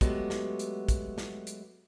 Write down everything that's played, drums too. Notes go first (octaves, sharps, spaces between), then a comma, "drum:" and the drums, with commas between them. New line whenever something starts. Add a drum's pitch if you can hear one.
F#3 G#3 A3 B3 F#4 G4, drum: kick, hi-hat
drum: snare
drum: hi-hat
drum: kick, hi-hat
drum: snare
drum: hi-hat